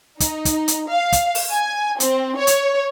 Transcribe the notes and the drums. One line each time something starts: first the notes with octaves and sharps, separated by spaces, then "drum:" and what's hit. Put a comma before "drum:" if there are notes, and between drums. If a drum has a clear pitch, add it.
D#4, drum: kick, hi-hat
drum: kick, hi-hat
drum: hi-hat
F5
drum: kick, hi-hat
drum: open hi-hat
G#5
C4, drum: hi-hat
C#5
drum: hi-hat